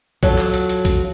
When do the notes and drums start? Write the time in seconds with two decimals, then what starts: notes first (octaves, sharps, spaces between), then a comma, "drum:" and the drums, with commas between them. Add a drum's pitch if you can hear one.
0.23 F#3 F4 A4, drum: kick, hi-hat
0.38 drum: clap
0.54 drum: hi-hat
0.69 drum: hi-hat
0.85 drum: kick, hi-hat